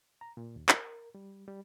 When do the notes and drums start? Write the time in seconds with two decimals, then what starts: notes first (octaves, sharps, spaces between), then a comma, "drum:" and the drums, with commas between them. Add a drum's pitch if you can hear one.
0.21 A#5
0.37 A#2
0.56 D#2
0.69 A#4, drum: clap
1.15 G3
1.48 G3